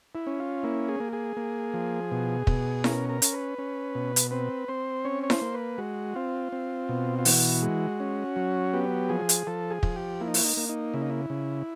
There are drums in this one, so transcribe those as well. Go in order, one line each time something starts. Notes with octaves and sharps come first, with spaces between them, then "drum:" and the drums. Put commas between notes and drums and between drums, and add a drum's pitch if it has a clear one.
E4
C#4
F4
A#3 E4
G#4
A#3
G#4
A#3
F3
B2
B2, drum: kick
C#4 A#4, drum: snare E4
A#4
C#4, drum: hi-hat
B4
C#4
B2
drum: hi-hat
C4 B4
C4 C5
C#4 C#5
C#5
C5, drum: snare E4
A#3
B4
G#3 F#4
C4 F4
C4
B2
F4
E3 F#4, drum: open hi-hat
G#3
C#4
F#3
B3 G4
F3 G#4
drum: hi-hat
F3 A4
G#4
F3, drum: kick
G4
A#3 E4
D#4
E4, drum: open hi-hat
D#4
A#3
D#4
C#3 E4
D#4
E4
C#3